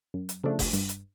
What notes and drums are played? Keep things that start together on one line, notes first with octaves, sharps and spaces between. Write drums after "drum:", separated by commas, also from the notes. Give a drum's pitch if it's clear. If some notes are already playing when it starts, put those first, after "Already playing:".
F#2
drum: hi-hat
C#3 F3 A3 D4
drum: kick F#1, open hi-hat
G2, drum: hi-hat
drum: hi-hat